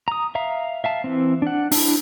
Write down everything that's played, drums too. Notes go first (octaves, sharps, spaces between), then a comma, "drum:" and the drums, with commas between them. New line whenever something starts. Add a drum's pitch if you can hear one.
A#5 D#6
E5 F5 A#5
E5 F5 A5
E3 C4
D4 F#5
D4 E4, drum: open hi-hat